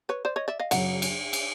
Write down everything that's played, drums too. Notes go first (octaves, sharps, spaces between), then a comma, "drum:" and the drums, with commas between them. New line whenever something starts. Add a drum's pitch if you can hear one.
B4 C#5
C5 D5
C#5 D#5
D5 E5
D#5 F5
F#2 C#3 F#3 E5 F#5, drum: cymbal
drum: cymbal
drum: cymbal